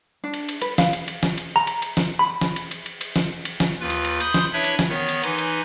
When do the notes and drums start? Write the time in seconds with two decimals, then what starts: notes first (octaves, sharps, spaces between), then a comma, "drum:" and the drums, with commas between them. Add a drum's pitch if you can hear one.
0.24 D4
0.34 drum: cymbal
0.49 drum: cymbal
0.62 B4, drum: cymbal
0.78 F5, drum: snare
0.93 drum: cymbal
1.08 drum: cymbal
1.23 drum: snare
1.38 drum: cymbal
1.56 A#5
1.67 drum: cymbal
1.82 drum: cymbal
1.97 drum: snare
2.19 B5
2.41 drum: snare
2.56 drum: cymbal
2.71 drum: cymbal
2.86 drum: cymbal
3.01 drum: cymbal
3.16 drum: snare
3.45 drum: cymbal
3.60 drum: snare
3.80 D#2 F4 B4
3.90 drum: cymbal
4.05 drum: cymbal
4.20 B5 C6 D#6 G6, drum: cymbal
4.34 drum: snare
4.53 D4 E4 B4 C#5 E5 B5
4.64 drum: cymbal
4.79 drum: snare
4.89 D#3 B3 C#5
5.09 drum: cymbal
5.24 E3 D#4 B4 G#5 C6 F#6, drum: cymbal
5.38 drum: cymbal